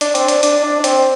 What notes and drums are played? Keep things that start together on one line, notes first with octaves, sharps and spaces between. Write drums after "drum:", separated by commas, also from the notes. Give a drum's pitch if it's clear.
D4, drum: hi-hat
C4, drum: hi-hat
D4, drum: hi-hat
D4, drum: hi-hat
D4
D4
C4, drum: hi-hat